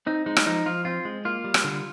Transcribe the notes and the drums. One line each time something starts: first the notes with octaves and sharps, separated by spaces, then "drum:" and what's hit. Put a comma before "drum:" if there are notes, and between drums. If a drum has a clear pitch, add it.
C4 D#4
G#3 D#4
drum: rim click
F3 D#4
F3 F4
C4 F4
G#3
A#3 F4
G3
drum: rim click
D3